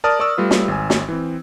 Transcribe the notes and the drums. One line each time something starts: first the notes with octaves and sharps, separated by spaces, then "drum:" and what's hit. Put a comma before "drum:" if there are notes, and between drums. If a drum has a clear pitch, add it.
A#4 D5 A5 D#6 F6
A#4 D5 C#6 D#6 E6
G3 A3 F4 B4
drum: snare
G#1 G#5
drum: snare
E3 C4